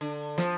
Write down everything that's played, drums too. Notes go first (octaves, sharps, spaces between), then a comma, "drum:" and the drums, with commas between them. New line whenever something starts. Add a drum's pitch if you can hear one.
D3
F3, drum: snare